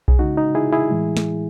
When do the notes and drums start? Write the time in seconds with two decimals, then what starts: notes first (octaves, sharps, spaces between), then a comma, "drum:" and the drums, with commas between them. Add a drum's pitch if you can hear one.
0.08 G#4, drum: kick B1
0.19 C#3 G#3 D#4 F#4
0.37 D#4
0.55 E4 G#4
0.73 E4 G#4
0.90 A2 E3 G#3
1.17 drum: snare